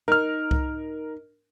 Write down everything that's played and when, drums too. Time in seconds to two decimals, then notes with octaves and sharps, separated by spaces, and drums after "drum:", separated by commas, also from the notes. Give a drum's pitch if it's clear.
0.08 D#4 A#4 F6
0.51 drum: kick C2